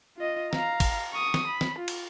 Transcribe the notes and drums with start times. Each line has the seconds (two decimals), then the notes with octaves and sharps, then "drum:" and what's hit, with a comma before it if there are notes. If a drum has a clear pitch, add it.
0.17 F4 D#5
0.53 F5 A#5, drum: snare
0.80 drum: kick, cymbal
1.13 C#6 D#6
1.34 drum: snare
1.47 B5
1.61 drum: snare
1.79 F4
1.88 drum: cymbal